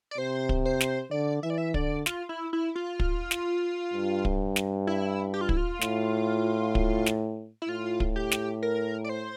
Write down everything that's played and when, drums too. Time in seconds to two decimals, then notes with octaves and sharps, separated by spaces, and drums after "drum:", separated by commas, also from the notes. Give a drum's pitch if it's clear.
0.11 D5
0.18 C3 C5
0.49 drum: kick
0.65 C5
0.80 drum: snare
1.11 D3 D5
1.43 E3 E5
1.50 D5
1.58 E5
1.74 D3 D5, drum: kick
2.06 F4, drum: snare
2.29 E4
2.53 E4
2.75 F4
3.00 drum: kick
3.31 drum: snare
3.94 G2
4.25 drum: kick
4.56 drum: snare
4.87 E4
5.34 G4
5.41 F4
5.49 E4, drum: kick
5.57 F4
5.81 A2, drum: snare
6.75 drum: kick
7.06 drum: snare
7.62 E4
7.69 A2 F4
8.00 drum: kick
8.16 G4
8.31 drum: snare
8.63 A#4
9.04 D5
9.09 C5